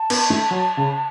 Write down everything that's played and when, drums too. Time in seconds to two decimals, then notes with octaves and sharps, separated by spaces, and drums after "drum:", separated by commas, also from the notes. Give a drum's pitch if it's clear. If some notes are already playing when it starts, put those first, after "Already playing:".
Already playing: A5
0.10 B3, drum: cymbal
0.30 A3
0.51 F#3
0.77 C#3